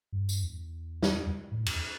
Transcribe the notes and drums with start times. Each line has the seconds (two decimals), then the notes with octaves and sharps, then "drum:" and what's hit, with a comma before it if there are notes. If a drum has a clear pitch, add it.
0.13 G2
0.29 drum: tambourine
0.43 E2
1.02 drum: snare
1.52 A2
1.66 E2, drum: cymbal